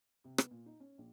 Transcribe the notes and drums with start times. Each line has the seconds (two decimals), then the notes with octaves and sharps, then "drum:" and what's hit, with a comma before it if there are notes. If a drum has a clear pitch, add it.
0.24 C3
0.38 B3, drum: rim click
0.51 A#2
0.66 D#4
0.80 C#4
0.98 A#1